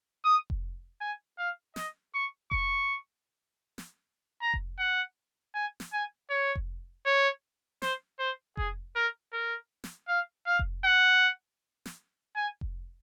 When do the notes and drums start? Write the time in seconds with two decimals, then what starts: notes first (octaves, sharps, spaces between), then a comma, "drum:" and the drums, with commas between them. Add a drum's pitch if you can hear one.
0.25 D#6
0.50 drum: kick F1
1.01 G#5
1.38 F5
1.76 D#5, drum: snare
2.14 C#6
2.51 C#6, drum: kick F1
3.78 drum: snare
4.42 A#5
4.54 drum: kick F1
4.79 F#5
5.55 G#5
5.80 drum: snare
5.93 G#5
6.30 C#5
6.56 drum: kick F1
7.06 C#5
7.82 C5, drum: snare
8.19 C5
8.57 G#4, drum: kick F1
8.96 A#4
9.33 A#4
9.84 drum: snare
10.09 F5
10.47 F5
10.59 drum: kick F1
10.84 F#5
11.86 drum: snare
12.36 G#5
12.61 drum: kick F1